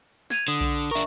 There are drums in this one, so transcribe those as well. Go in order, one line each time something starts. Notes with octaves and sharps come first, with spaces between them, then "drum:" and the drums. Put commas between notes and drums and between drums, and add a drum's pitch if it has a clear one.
G#6 D#7 F7, drum: snare
D3 D#6
drum: kick B1
D4 A#4 E5 C#6